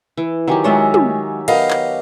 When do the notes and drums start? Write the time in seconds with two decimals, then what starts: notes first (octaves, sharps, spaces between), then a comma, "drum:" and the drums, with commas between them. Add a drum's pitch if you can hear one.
0.17 E3
0.48 D#3 F#3 G4 G#5 A#5
0.64 G#3 F4 C#5 E5 F#5
0.94 drum: tom
1.48 B3 A#4 D#5 F5 G5, drum: cymbal
1.71 drum: clap